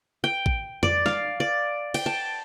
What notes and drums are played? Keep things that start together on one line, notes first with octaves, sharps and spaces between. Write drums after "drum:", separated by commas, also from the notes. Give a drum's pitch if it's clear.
G5
drum: kick A1
D5, drum: tom F2
F5, drum: snare
D5
G5, drum: cymbal
A5